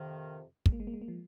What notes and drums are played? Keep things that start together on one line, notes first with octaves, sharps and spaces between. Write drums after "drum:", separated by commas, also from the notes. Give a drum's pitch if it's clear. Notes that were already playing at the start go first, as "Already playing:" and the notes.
Already playing: F2 C3 D#3
G#3, drum: kick
A#3
G#3
A#3
G#3
A#3
F3 G#3